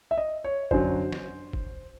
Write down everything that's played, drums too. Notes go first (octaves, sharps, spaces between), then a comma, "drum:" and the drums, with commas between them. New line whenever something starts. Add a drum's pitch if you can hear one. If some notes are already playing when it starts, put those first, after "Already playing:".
E5
D#5
C#5
F#2 D3 F#3 C5, drum: kick
drum: snare
drum: kick